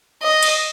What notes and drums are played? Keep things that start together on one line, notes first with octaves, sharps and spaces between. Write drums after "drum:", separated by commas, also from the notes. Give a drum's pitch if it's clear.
D#5
drum: cymbal